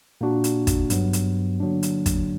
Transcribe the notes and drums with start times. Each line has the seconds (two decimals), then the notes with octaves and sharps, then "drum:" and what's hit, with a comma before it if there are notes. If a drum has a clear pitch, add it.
0.21 A#2 A#3 D4 F#4
0.44 drum: hi-hat
0.67 drum: kick, hi-hat
0.90 G2 F#3 B3, drum: hi-hat
1.13 drum: hi-hat
1.60 D3 F#3 A#3 D4
1.83 drum: hi-hat
2.06 drum: kick, hi-hat